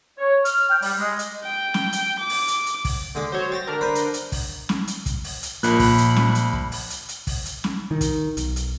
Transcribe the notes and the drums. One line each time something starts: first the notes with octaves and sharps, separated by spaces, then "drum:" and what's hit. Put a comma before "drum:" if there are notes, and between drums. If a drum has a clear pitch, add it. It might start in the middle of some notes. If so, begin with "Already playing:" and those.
C#5
F6, drum: hi-hat
G5
G3, drum: open hi-hat
G#3
drum: hi-hat
G5
drum: snare
drum: hi-hat
D6
drum: open hi-hat
drum: hi-hat
drum: hi-hat
drum: kick, open hi-hat
D3 G#3 D6
F#3 C5 C#5
G5 A6 A#6
D3 D4 A#4
B4 C5
drum: hi-hat
drum: hi-hat
drum: kick, open hi-hat
drum: snare
drum: hi-hat
drum: kick, hi-hat
drum: open hi-hat
drum: hi-hat
A#1 A#2 B5 F#6, drum: hi-hat
drum: kick, open hi-hat
drum: hi-hat
drum: snare
drum: hi-hat
drum: kick
drum: open hi-hat
drum: hi-hat
drum: hi-hat
drum: kick, open hi-hat
drum: hi-hat
drum: snare
D#3
drum: kick, hi-hat
B1, drum: hi-hat
drum: hi-hat